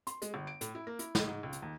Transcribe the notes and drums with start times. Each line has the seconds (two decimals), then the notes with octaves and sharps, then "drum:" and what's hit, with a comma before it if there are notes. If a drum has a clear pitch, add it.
0.07 C6, drum: hi-hat
0.22 G#3, drum: hi-hat
0.34 G1
0.47 D7
0.61 A2, drum: hi-hat
0.75 E4
0.87 A#3
0.99 E4, drum: hi-hat
1.15 A2, drum: snare
1.28 G#2
1.43 C#2
1.53 drum: hi-hat
1.62 D#2